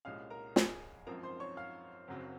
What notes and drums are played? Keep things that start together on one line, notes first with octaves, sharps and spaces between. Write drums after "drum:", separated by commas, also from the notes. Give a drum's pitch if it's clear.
C2 A#2 G#3 C#4 F5 F6
A#4 A#5
G#4 G#5, drum: snare
G#1 F#2 F3 C4 A#4 A#5
C5 C6
C#5 C#6
F5 F6
F#1 F#2 C#3 F#3 C4